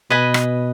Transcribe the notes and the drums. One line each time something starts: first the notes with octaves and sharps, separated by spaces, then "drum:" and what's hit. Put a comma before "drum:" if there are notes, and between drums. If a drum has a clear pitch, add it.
B2 B4 D#5 G#5 B5
drum: rim click